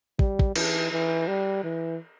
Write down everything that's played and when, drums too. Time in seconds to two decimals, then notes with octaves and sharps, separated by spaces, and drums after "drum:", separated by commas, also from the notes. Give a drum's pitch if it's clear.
0.19 G3, drum: kick
0.39 drum: kick
0.56 E3, drum: cymbal
0.92 E3
1.28 G3
1.64 E3